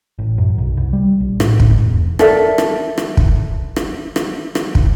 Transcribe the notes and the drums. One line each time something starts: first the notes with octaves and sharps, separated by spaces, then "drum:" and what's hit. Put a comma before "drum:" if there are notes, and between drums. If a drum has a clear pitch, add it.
A1
F#2
B1
C2
G3
A#1
A2, drum: rim click
drum: kick
G#2
E1
A4 A#4 D5 E5, drum: rim click
drum: rim click
drum: rim click
drum: kick
drum: rim click
drum: rim click
drum: rim click
drum: kick